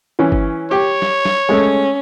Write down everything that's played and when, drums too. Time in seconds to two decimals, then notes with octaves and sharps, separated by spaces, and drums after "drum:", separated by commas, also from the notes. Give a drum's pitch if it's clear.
0.19 E3 C#4
0.32 drum: kick G1
0.71 G4 C#5
1.02 drum: snare
1.25 drum: snare
1.49 G#3 A3 C#4